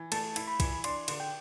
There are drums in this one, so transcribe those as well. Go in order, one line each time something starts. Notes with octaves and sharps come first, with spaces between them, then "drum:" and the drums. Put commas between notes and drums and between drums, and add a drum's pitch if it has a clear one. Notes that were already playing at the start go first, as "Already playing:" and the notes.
Already playing: E3
A3 A5, drum: cymbal
E4, drum: cymbal
B5
E3, drum: kick B1, cymbal
D4 C6, drum: cymbal
D3, drum: cymbal
G5